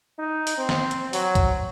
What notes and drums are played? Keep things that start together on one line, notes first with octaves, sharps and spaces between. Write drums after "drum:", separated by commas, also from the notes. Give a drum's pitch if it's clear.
D#4
drum: open hi-hat
C4
drum: snare
drum: hi-hat
F#3, drum: open hi-hat
drum: kick, hi-hat